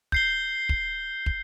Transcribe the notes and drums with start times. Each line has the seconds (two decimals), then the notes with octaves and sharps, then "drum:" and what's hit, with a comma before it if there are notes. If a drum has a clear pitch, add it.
0.12 G6 C7 G7, drum: kick
0.69 drum: kick
1.26 drum: kick